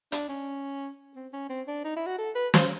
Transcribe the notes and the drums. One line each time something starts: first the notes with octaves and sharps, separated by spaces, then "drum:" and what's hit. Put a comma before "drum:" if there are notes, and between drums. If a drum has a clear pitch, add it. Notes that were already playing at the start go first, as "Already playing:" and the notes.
D4, drum: hi-hat
C#4
C4
C#4
C4
D4
D#4
E4
F#4
A4
B4
C5, drum: snare